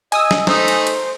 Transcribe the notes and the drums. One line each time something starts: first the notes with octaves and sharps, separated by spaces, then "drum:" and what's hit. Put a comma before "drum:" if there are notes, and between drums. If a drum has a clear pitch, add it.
D#5 G#5 D#6 E6, drum: cymbal
drum: snare
A3 D#4 C5, drum: snare
drum: cymbal
drum: cymbal